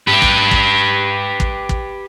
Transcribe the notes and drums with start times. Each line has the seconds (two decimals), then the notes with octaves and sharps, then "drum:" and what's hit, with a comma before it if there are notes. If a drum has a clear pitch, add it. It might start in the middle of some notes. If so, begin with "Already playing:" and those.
0.07 G4 B4
0.22 drum: kick
0.51 drum: kick
1.40 drum: kick
1.69 drum: kick